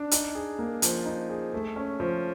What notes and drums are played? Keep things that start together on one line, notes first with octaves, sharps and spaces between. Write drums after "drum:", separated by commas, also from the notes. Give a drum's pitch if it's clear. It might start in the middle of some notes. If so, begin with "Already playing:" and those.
Already playing: D4
D#4, drum: hi-hat
G#4
A#3
F3, drum: hi-hat
D#4
G#4
A3
C#4
F3